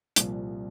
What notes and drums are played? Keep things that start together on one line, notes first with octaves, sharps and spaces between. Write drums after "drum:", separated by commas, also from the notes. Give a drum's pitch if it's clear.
C2 A#2 F3, drum: hi-hat